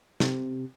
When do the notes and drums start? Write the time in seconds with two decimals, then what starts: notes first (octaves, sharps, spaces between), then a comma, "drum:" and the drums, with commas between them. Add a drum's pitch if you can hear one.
0.20 C3, drum: snare